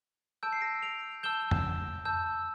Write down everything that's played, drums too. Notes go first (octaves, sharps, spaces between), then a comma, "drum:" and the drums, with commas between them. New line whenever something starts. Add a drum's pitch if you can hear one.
A5 E6 G6 D7
C7
A#6 D7
D7 F7
A5 E6 G6 E7 G7
drum: tom
A5 E6 G6